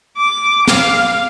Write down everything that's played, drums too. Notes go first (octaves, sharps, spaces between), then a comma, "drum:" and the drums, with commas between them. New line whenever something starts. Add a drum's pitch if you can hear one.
D6
F5, drum: snare